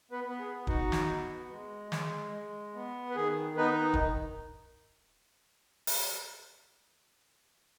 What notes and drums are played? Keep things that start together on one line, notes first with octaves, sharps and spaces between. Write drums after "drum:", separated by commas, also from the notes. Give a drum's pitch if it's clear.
B3 B4
B3 B4
G#4
D#4 F#4, drum: kick
drum: snare
B3
G#3
G#3, drum: snare
G#3
B3
B4
D#3 G#4
B3 D#4 B4
drum: kick
drum: open hi-hat